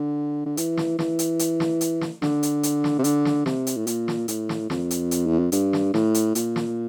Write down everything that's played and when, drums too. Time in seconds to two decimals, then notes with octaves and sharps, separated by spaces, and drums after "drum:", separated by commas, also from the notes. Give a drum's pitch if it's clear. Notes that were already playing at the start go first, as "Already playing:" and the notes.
Already playing: D3
0.46 D3
0.57 E3, drum: hi-hat
0.77 drum: snare
0.99 E3, drum: snare
1.19 drum: hi-hat
1.39 drum: hi-hat
1.60 drum: snare
1.81 drum: hi-hat
2.01 drum: snare
2.22 D3, drum: snare
2.43 drum: hi-hat
2.63 drum: hi-hat
2.84 drum: snare
2.99 C3
3.04 D3, drum: hi-hat
3.25 drum: snare
3.46 C3, drum: snare
3.67 drum: hi-hat
3.77 A2
3.87 A#2, drum: hi-hat
4.08 drum: snare
4.28 A2, drum: hi-hat
4.49 drum: snare
4.70 F2, drum: snare
4.91 drum: hi-hat
5.11 drum: hi-hat
5.26 E2
5.39 F2
5.52 G2, drum: hi-hat
5.73 drum: snare
5.94 A2, drum: snare
6.14 drum: hi-hat
6.35 A#2, drum: hi-hat
6.56 drum: snare